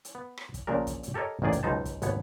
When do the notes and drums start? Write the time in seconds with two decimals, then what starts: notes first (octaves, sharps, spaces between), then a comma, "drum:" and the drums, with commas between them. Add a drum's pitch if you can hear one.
0.05 drum: hi-hat
0.15 B3
0.37 drum: rim click
0.54 drum: kick, hi-hat
0.67 A#1 A#2 C#3 D4 A#4
0.87 drum: kick, hi-hat
1.03 drum: hi-hat
1.14 G4 A4 A#4 C#5 D#5
1.42 A1 D#3 A#3 G#4 D5
1.53 drum: kick, hi-hat
1.63 C#2 F#2 B2 D#4 C5 A5
1.85 drum: kick, hi-hat
2.02 G#1 D#2 B3 C#5, drum: hi-hat